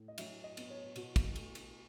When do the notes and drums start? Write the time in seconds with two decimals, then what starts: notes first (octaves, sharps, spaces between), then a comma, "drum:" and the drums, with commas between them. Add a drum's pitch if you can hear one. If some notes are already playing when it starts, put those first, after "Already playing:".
Already playing: A2
0.08 D#5
0.18 F#3 E5, drum: cymbal
0.44 D#5
0.57 B3, drum: cymbal
0.70 C#5
0.96 B2 F#4, drum: cymbal
1.16 drum: kick, cymbal
1.36 A3, drum: cymbal
1.55 drum: cymbal